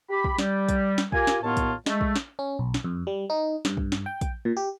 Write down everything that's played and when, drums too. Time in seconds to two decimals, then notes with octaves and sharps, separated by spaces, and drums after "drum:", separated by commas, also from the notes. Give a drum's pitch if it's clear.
0.10 G4 B5
0.24 drum: kick
0.39 G3, drum: snare
0.69 drum: kick, hi-hat
0.98 drum: snare
1.12 F4 G4 A#4 G#5, drum: kick
1.27 drum: snare
1.42 D#2 A2 B3 F4 C#5 A5
1.57 drum: kick, hi-hat
1.86 G#3 A3, drum: snare
2.01 drum: kick
2.16 drum: snare
2.39 C#4
2.59 B1
2.74 drum: snare
2.84 F2
3.07 G3
3.30 D#4
3.65 G2, drum: snare
3.77 drum: kick
3.92 drum: snare
4.06 G5
4.21 drum: kick, hi-hat
4.45 A#2
4.57 G4